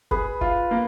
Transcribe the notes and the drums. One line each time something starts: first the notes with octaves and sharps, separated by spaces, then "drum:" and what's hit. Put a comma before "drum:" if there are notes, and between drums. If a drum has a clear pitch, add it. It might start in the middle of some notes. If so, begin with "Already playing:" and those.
G#4 B4, drum: kick F#1
F4, drum: kick F#1
A#3